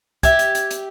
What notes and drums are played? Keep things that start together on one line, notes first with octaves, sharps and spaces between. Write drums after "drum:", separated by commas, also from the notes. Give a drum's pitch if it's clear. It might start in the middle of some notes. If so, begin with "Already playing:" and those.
G4 E5 G#6, drum: kick, hi-hat
drum: hi-hat
drum: hi-hat
drum: hi-hat